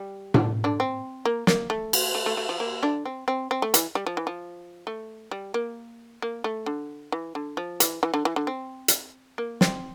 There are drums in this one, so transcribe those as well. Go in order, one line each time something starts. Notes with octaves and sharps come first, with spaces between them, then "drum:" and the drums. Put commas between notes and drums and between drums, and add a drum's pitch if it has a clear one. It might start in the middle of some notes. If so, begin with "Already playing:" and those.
Already playing: G3
D3 D4, drum: tom A2
D3 D4
C4
A#3
A#3, drum: snare
A3
drum: cymbal
A3
A3
A3
F3
A#3
D3 D4
C4
C4
C4
A3
E3, drum: hi-hat
G3
F3
E3
F3
A3
G3
A#3
A#3
A3
D3
E3
D3
F3
E3, drum: hi-hat
E3
D3
E3
D3
C4
drum: hi-hat
A#3
C4, drum: snare